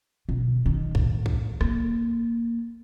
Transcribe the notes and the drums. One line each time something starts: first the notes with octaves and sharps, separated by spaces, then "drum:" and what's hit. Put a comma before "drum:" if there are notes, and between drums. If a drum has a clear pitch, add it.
B2
D#3
A2, drum: kick B1
drum: kick B1
A#3, drum: rim click